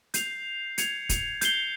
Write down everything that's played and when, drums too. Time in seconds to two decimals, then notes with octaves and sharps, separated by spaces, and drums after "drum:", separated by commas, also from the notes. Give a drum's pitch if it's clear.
0.14 G6 C7 F7, drum: hi-hat
0.78 G#6 C#7 F7, drum: hi-hat
1.09 drum: kick, hi-hat
1.41 G6 C7 G7, drum: hi-hat